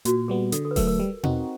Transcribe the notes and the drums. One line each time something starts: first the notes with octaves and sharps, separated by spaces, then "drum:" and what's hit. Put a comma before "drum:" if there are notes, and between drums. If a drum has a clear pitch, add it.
A#2 F#4, drum: hi-hat
G3 B3 G#4
D3 A4, drum: hi-hat
A4
B4
F#3 A3 A#4, drum: kick D#1, open hi-hat
A#4
G3
C4 D#4 F#4, drum: tom B2